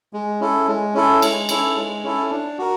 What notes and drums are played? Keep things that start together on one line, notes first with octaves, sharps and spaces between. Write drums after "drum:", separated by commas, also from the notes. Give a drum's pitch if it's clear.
G#3
C#4 E4 A4
G#3
C#4 E4 A4
G#3, drum: cymbal
C#4 E4 A4, drum: cymbal
G#3
C#4 E4 A4
D4
F#4 A#4